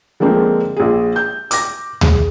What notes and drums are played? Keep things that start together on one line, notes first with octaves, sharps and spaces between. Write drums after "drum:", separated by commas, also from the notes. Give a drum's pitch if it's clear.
D3 F3 G#3 A#3 C4
A#1 G#4
G6
D6 A#6, drum: hi-hat
G#4, drum: tom D2